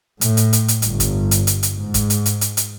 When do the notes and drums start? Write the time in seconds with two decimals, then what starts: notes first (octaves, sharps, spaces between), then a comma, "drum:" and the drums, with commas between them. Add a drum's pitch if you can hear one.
0.21 A2, drum: hi-hat
0.37 drum: hi-hat
0.53 drum: hi-hat
0.68 drum: hi-hat
0.82 G1, drum: hi-hat
1.00 drum: kick, hi-hat
1.31 drum: hi-hat
1.47 drum: hi-hat
1.63 drum: hi-hat
1.75 G#2
1.94 drum: kick, hi-hat
2.10 drum: hi-hat
2.26 drum: hi-hat
2.41 drum: hi-hat
2.57 drum: hi-hat